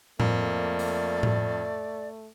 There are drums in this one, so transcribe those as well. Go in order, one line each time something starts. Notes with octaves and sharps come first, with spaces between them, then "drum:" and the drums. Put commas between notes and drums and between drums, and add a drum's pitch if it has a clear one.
F2 A3 A#3 D5, drum: tom A2
drum: open hi-hat
drum: tom A2